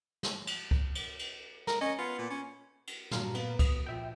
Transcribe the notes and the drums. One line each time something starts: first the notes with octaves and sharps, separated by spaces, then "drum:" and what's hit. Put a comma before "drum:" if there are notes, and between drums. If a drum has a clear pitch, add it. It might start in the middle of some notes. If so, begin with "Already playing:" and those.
drum: snare
drum: cymbal
drum: kick C2
drum: cymbal
drum: cymbal
A#4, drum: snare
C#4 D#5
B3 F4
A#2
C#4
drum: cymbal
G2 A#2 F#3 F5 A#5, drum: snare
B3, drum: cymbal
D#6, drum: kick C2, cymbal
A#1 F4 E5 G5